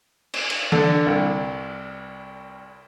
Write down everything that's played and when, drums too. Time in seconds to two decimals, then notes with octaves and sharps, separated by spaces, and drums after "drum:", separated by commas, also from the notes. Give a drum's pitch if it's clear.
0.33 drum: cymbal
0.50 drum: cymbal
0.72 D3, drum: tom E3
1.06 C2